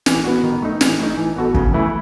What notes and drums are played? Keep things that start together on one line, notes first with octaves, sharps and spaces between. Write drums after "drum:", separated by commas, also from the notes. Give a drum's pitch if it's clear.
E3, drum: snare
B3 F#4
D#3
A3 D#4
E3, drum: snare
A3 D#4
E3
B3 F#4 A4
C#3, drum: kick
E3 A3 E4